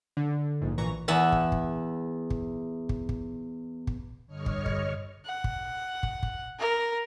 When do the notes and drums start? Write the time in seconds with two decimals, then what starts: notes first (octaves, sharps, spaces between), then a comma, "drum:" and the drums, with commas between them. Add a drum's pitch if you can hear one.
0.17 D3
0.61 A#1 G#2
0.78 A#1 A#2 E3 A#5 C#6
1.08 E2 E5 F#5 A5
1.32 drum: kick
1.52 drum: kick
2.30 drum: kick
2.89 drum: kick
3.09 drum: kick
3.87 drum: kick
4.27 G2 D3 C#5 D#5 C#6 F6
4.46 drum: kick
4.66 drum: kick
5.26 F#5
5.44 drum: kick
6.03 drum: kick
6.23 drum: kick
6.60 A#4